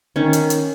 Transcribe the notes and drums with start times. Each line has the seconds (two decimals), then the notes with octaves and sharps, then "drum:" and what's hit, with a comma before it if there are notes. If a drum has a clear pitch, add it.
0.16 D#3 C#4
0.33 drum: hi-hat
0.50 drum: hi-hat